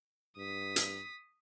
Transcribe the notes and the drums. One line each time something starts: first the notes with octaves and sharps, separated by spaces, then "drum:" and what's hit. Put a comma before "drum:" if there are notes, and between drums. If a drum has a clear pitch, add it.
G2 D#6 B6
drum: hi-hat